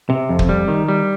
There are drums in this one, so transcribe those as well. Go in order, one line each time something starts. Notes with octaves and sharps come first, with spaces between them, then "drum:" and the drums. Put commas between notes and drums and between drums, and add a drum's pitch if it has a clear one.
C3
F2
drum: kick
G3
D#3
G3